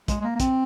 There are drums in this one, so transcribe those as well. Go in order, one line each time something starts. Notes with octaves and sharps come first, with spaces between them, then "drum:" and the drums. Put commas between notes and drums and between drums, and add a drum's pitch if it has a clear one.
G#3, drum: kick, hi-hat
G#3
A#3
A#3
C4, drum: kick, hi-hat